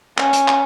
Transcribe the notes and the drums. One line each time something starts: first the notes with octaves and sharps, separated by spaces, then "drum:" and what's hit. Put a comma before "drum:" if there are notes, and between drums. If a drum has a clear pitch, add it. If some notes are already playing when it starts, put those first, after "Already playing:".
C#4, drum: clap
drum: hi-hat
drum: clap